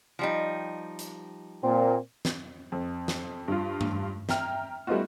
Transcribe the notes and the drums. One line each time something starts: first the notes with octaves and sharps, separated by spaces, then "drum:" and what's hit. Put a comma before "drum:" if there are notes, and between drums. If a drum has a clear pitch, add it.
F3 G3 D#4
drum: hi-hat
A#2 C4
drum: snare
F2
drum: snare
G2 F4
drum: tom G2
E5 G5 A#5 F6, drum: snare
G3 A3 B3 D#4 F4 F#4